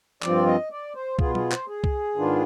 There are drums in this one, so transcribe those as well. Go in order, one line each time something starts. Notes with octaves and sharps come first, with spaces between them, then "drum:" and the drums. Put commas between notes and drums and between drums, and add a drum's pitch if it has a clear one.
G2 F3 C4 F4 D5, drum: clap
D#5
D5
C5
B2 B3 F4 G#4, drum: kick C2
G#4, drum: tom
C5, drum: clap
G#4
drum: kick C2
G#2 D#3 B3 D4 F4